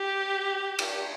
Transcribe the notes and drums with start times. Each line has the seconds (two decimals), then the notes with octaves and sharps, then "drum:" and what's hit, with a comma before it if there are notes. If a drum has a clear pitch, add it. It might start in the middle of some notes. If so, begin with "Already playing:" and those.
Already playing: G4
0.79 drum: cymbal